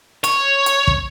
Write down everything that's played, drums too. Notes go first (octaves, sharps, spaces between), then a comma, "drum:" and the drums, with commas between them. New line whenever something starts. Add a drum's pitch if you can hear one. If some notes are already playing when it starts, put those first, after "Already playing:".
C#5, drum: hi-hat
drum: hi-hat
drum: kick